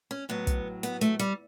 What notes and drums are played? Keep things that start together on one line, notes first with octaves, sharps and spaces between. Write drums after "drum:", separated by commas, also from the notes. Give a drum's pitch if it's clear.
C#4
A2 F#3 B3
drum: kick, hi-hat
B3, drum: hi-hat
A3, drum: hi-hat
G3, drum: hi-hat